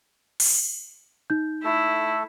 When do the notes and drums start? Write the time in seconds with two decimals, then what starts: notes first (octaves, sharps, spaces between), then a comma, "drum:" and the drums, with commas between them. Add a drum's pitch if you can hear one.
0.40 drum: open hi-hat
1.30 D#4 G6
1.64 A3 E4 A4